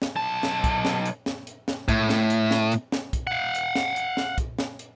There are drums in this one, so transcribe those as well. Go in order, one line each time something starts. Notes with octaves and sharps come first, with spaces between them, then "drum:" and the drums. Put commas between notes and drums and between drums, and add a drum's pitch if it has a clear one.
drum: snare
B1 A5
drum: snare
drum: kick, hi-hat
drum: snare
drum: hi-hat
drum: snare
drum: hi-hat
drum: snare
A2, drum: kick, hi-hat
drum: snare
drum: hi-hat
drum: snare
drum: hi-hat
drum: snare
drum: kick, hi-hat
F5 F#5
drum: hi-hat
drum: snare
drum: hi-hat
drum: snare
drum: kick, hi-hat
drum: snare
drum: hi-hat